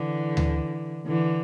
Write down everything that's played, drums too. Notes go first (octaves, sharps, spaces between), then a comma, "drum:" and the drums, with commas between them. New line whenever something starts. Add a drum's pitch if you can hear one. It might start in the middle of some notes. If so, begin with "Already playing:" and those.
Already playing: D3 E3
drum: tom D2
D3 E3